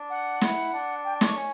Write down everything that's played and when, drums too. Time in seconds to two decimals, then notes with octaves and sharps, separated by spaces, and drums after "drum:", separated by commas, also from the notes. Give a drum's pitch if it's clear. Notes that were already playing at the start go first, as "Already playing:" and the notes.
Already playing: D4
0.10 F#5
0.41 E4, drum: snare
0.73 D4
1.04 G5
1.21 D6, drum: snare
1.26 C#6
1.36 C#4